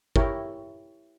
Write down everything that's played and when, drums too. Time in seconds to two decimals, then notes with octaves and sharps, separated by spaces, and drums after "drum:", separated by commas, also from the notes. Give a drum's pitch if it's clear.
0.16 E4 G4 A#4 C#5, drum: kick G1